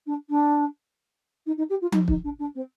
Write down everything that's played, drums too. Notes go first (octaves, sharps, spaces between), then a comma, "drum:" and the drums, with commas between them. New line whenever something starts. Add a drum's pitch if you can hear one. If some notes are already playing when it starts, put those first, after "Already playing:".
D4
D4
D#4
D#4
G4
F4
D#4, drum: tom F3
D#4, drum: kick
D4
D4
C4